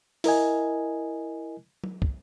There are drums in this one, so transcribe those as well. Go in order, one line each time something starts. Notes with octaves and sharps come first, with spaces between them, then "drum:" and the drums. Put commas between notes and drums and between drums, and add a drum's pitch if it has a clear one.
E4 A#4 D#5 G#5, drum: open hi-hat
drum: tom
drum: kick